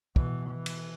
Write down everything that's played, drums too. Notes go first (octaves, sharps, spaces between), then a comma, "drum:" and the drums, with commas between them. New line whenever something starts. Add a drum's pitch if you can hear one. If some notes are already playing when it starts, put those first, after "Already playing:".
B2 E3, drum: kick
E3
drum: cymbal